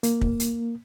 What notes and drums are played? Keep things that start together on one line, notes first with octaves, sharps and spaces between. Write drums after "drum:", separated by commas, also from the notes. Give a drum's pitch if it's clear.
A#3, drum: hi-hat
drum: kick
drum: hi-hat